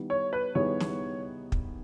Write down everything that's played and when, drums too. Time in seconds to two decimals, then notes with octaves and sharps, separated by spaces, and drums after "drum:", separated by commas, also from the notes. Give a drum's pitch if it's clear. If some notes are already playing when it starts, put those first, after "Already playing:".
Already playing: D#3 G3 B3 E4
0.10 C#5
0.33 B4
0.55 D#3 G3 B3 E4 G#4 C#5
0.80 drum: snare
1.52 drum: kick